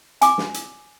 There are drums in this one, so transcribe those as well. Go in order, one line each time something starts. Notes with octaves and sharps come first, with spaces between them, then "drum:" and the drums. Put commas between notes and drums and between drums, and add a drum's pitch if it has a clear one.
G#5 D6, drum: hi-hat
drum: snare
drum: hi-hat